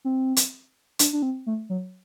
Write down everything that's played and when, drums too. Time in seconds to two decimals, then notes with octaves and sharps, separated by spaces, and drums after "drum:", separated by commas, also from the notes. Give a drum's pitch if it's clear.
0.05 C4
0.37 drum: hi-hat
0.99 D4, drum: hi-hat
1.13 D4
1.22 C4
1.47 A3
1.70 F#3